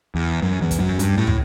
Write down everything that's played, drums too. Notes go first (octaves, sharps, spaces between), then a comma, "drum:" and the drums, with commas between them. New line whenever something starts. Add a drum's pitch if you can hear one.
E2
F#2
E2
drum: kick, hi-hat
F#2
G2, drum: hi-hat
A2
drum: tom